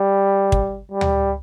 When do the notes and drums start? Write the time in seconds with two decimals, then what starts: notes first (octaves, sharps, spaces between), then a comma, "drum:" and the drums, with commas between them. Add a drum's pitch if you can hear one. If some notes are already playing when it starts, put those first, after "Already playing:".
Already playing: G3
0.52 drum: kick
0.92 G3
1.01 drum: tom D2